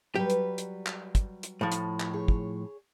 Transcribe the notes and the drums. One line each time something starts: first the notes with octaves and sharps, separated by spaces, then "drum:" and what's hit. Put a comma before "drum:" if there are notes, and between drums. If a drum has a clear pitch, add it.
F#3 G3 G4 B4 G5
drum: hi-hat
drum: hi-hat
drum: clap
drum: kick, hi-hat
drum: hi-hat
A2 F3
drum: hi-hat
drum: clap
G#4 C#5
drum: kick